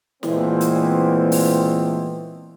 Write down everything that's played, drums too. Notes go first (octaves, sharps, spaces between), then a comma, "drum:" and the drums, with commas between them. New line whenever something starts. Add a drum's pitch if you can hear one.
A#2 E3 G#3 A3 B3 C4, drum: snare
drum: hi-hat
drum: open hi-hat